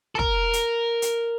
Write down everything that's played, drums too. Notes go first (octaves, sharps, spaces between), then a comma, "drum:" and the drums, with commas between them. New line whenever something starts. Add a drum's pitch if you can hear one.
A4
A#4, drum: kick
drum: hi-hat
drum: hi-hat